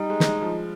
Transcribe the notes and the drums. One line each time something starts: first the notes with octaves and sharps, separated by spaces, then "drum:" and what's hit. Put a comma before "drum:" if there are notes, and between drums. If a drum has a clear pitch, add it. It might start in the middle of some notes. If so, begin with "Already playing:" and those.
Already playing: G3 D#4
G#3
G#3, drum: snare
F3